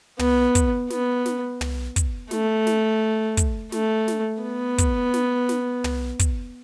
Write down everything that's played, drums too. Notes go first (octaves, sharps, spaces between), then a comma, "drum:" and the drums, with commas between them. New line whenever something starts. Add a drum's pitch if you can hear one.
B3, drum: tom
drum: kick, hi-hat
B3, drum: snare
drum: snare
drum: tom
drum: kick, hi-hat
A3, drum: snare
drum: snare
drum: kick, hi-hat
A3, drum: snare
drum: snare
B3
drum: kick, hi-hat
drum: snare
drum: snare
drum: tom
drum: kick, hi-hat